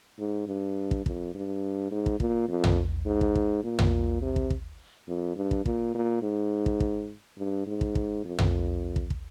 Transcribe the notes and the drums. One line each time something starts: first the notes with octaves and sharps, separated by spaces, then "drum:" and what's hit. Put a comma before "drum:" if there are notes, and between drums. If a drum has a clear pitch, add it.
G#2
G2
drum: kick
F2, drum: kick
G2
G#2
drum: kick
A#2, drum: kick
F2
drum: tom
G#2
drum: kick
drum: kick
A#2
drum: tom
C3
drum: kick
drum: kick
F2
G2
drum: kick
A#2, drum: kick
A#2
G#2
drum: kick
drum: kick
G2
G#2
drum: kick
drum: kick
F2
drum: tom
drum: kick
drum: kick